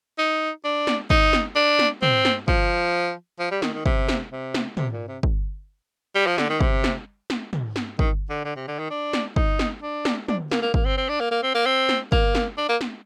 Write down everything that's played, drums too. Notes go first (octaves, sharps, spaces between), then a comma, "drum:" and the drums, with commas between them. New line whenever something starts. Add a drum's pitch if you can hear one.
D#4
D4
drum: snare
D#4, drum: kick
drum: snare
D4
drum: snare
C4, drum: tom
drum: snare
F3, drum: kick
F3
G3
D#3, drum: snare
D#3
C3, drum: kick
drum: snare
C3
drum: snare
C3, drum: tom
A#2
C3
drum: kick
G3
F3
D3, drum: snare
D#3
C3, drum: kick
drum: snare
drum: snare
drum: tom
drum: snare
D#3, drum: kick
D3
D3
C3
D3
D#3
D4
drum: snare
D#4, drum: kick
drum: snare
D4
drum: snare
D4, drum: tom
A#3, drum: snare
A#3
A#3, drum: kick
C4
C4
D4
A#3
A#3
C4
A#3
C4
drum: snare
A#3, drum: kick
drum: snare
D4
A#3
drum: snare